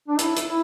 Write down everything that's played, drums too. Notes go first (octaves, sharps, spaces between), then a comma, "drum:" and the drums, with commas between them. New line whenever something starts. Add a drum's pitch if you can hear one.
D4
E4, drum: hi-hat
drum: hi-hat
E4